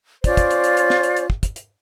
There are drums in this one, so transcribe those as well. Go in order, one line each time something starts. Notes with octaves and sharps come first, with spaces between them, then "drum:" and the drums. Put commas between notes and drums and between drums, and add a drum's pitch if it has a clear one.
C#4 F4 C5 D5, drum: kick, hi-hat
drum: kick, hi-hat
drum: hi-hat
drum: hi-hat
drum: hi-hat
drum: snare
drum: hi-hat
drum: hi-hat
drum: kick
drum: kick, hi-hat
drum: hi-hat